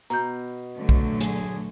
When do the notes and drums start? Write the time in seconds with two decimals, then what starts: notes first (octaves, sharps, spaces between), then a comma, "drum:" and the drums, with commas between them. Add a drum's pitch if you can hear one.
0.10 B2 A#5 G6
0.78 D3 F#3 A3
0.89 drum: kick B1
1.20 G#4, drum: hi-hat